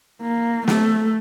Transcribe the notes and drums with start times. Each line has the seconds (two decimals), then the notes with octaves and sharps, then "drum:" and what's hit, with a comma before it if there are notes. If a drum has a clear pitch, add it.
0.21 A#3
0.68 A3, drum: snare